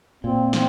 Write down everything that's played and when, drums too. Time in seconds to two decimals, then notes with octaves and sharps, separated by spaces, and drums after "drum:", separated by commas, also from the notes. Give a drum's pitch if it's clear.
0.24 A#2 C4
0.53 C4, drum: snare